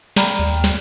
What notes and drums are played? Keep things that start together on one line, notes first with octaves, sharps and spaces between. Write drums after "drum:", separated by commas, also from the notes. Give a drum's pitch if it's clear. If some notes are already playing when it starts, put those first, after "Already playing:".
D5 G5 A#5 B5 F6, drum: snare
D#2, drum: hi-hat
drum: snare